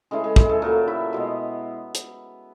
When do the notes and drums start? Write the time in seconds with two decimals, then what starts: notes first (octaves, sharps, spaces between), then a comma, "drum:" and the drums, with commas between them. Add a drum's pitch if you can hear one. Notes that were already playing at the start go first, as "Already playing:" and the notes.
0.11 C#3 E3 G#3 A3 G#4
0.24 G#3 G#4
0.36 G#3 G#4, drum: kick
0.49 A3 A4
0.62 A#2 F#3 A3 A#3 A#4
0.88 E4 E5
1.13 B2 G#3 B3
1.95 drum: hi-hat